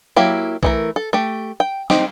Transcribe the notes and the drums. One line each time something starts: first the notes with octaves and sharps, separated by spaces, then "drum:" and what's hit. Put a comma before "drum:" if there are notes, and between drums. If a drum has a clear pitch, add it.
F#3 A#3 E4 G4
E3 A3 A#4, drum: kick B1
A4
A3 G4
G5
C4 D#4 G4, drum: snare